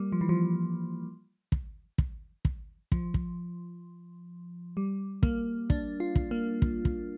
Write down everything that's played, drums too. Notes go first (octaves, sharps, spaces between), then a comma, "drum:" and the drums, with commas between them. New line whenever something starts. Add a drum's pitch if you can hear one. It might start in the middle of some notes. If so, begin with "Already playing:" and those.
Already playing: G3 A#3
F3
E3
F3
drum: kick
drum: kick
drum: kick
F3, drum: kick
drum: kick
G3
A#3, drum: kick
D4, drum: kick
F4
drum: kick
A#3
drum: kick
drum: kick